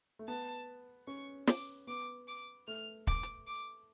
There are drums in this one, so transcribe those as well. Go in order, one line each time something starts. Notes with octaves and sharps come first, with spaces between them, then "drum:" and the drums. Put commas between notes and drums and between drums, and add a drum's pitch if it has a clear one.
A3
B3 A5
C#4 C#6
D6, drum: snare
B3 D6
D6
A3 F6
D6, drum: kick
drum: hi-hat
D6